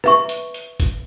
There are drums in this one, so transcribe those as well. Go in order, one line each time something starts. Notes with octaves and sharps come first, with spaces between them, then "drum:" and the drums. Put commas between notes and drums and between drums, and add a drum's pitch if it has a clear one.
B4 E5 C#6, drum: rim click
drum: hi-hat
drum: hi-hat
drum: kick G#1, hi-hat